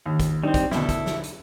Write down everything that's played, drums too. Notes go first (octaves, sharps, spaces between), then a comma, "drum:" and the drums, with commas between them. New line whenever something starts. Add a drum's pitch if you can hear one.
D#2
drum: kick, hi-hat
G3 C4 D#4
drum: kick, hi-hat
D2 B2 E4 A4, drum: snare
drum: kick, hi-hat
drum: snare
drum: hi-hat